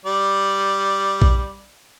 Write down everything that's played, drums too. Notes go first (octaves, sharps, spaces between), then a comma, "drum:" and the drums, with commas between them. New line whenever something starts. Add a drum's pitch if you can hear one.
G3 D5
drum: kick A#1